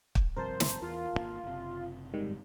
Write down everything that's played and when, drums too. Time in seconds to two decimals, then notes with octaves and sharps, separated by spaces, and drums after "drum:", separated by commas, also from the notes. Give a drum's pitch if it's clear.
0.15 drum: kick
0.37 G2 C3 F3 A#4 C5 A5
0.60 drum: snare
0.82 E2 F4
1.13 G#1 B2 A#3
1.43 F#1 C3
2.14 G#2 D#3 G3